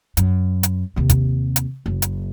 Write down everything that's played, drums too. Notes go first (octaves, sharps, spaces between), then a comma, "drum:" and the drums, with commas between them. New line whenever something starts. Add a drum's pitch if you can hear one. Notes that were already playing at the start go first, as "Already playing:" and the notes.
F#2, drum: hi-hat
drum: hi-hat
D#2 C3
drum: kick, hi-hat
drum: hi-hat
F#1
drum: hi-hat